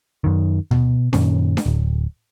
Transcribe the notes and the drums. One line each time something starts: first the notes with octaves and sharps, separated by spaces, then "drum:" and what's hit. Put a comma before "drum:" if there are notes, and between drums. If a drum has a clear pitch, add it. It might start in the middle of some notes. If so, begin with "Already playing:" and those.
F#2 D#3
B2, drum: tom D2
F#2 A#2 D#3 C#4, drum: snare D4
drum: snare D4
D1